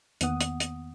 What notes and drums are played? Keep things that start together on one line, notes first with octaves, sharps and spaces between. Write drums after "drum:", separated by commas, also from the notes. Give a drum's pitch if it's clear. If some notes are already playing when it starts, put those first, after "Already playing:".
E2 D#3 A#3 B3 F#5 D#6, drum: hi-hat
drum: hi-hat
drum: hi-hat